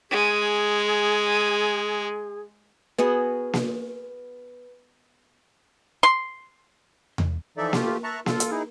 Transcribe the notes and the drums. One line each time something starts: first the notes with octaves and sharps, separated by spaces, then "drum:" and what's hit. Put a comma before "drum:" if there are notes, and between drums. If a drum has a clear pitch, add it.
G#3 G#4
B3 F#4 G#4 B4
drum: snare A#3
C6
drum: tom E2
E3 F3 D#4 A4 D5 E5
A3 F4 G4, drum: snare A#3
E5 A5 A#5 C#6 F#6
F4 A4, drum: snare A#3
drum: hi-hat
D#4 E4 G#4